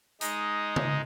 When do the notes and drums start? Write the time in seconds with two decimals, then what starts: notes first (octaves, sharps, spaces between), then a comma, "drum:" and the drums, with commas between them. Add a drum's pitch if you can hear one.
0.21 G#3 D#4 D#6, drum: hi-hat
0.76 drum: tom C#3